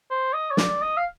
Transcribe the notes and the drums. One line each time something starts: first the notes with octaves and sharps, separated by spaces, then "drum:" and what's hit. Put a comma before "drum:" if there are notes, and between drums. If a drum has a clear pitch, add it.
C5
D#5
C#5
D5, drum: snare
D#5
F5